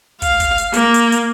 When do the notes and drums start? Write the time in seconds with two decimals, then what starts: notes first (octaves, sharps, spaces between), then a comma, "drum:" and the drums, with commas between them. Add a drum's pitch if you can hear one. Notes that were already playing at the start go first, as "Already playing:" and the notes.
0.22 F5, drum: kick, hi-hat
0.40 drum: kick, hi-hat
0.58 drum: hi-hat
0.74 A#3, drum: hi-hat
0.94 drum: hi-hat
1.12 drum: hi-hat